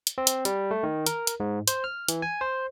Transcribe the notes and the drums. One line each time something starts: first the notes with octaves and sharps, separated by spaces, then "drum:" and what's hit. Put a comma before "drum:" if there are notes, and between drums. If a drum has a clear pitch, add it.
drum: hi-hat
C4
drum: hi-hat
G3, drum: hi-hat
A3
D#3
A#4, drum: hi-hat
drum: hi-hat
G#2
C5, drum: hi-hat
F6
E3, drum: hi-hat
G#5
C5